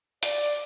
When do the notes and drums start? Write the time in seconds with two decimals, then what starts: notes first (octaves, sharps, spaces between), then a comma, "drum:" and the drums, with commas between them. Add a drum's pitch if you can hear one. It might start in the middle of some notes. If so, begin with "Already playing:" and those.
0.23 D5, drum: hi-hat